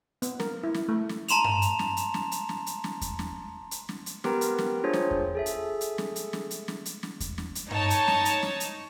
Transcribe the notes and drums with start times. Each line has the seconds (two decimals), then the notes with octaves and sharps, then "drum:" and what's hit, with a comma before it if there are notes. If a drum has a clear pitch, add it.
0.22 B3, drum: hi-hat
0.40 A#4, drum: snare
0.63 E4
0.74 drum: snare
0.89 A3
1.09 drum: snare
1.28 A5 A#5 C6 E7 F7, drum: hi-hat
1.44 drum: tom G2
1.62 drum: hi-hat
1.79 drum: snare
1.97 drum: hi-hat
2.14 drum: snare
2.32 drum: hi-hat
2.49 drum: snare
2.66 drum: hi-hat
2.84 drum: snare
3.01 drum: kick E2, hi-hat
3.19 drum: snare
3.71 drum: hi-hat
3.89 drum: snare
4.06 drum: hi-hat
4.24 B3 G4 A#4 B4 G5 A#5, drum: snare
4.41 drum: hi-hat
4.59 drum: snare
4.84 D4 F4 G#4 C5 C#5
4.93 drum: snare
5.11 drum: kick E2
5.35 G#4 A4 E5
5.46 drum: hi-hat
5.81 drum: hi-hat
5.98 drum: snare
6.16 drum: hi-hat
6.33 drum: snare
6.51 drum: hi-hat
6.68 drum: snare
6.85 drum: hi-hat
7.03 drum: snare
7.20 drum: kick E2, hi-hat
7.38 drum: snare
7.55 drum: hi-hat
7.71 D#4 C#5 A5, drum: tom G2
7.90 drum: hi-hat
8.08 drum: snare
8.25 drum: hi-hat
8.43 drum: snare
8.60 drum: hi-hat